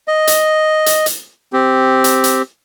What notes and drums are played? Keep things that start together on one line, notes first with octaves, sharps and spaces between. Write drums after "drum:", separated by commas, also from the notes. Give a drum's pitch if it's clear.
D#5
drum: hi-hat
drum: hi-hat
drum: hi-hat
C4 G4
drum: hi-hat
drum: hi-hat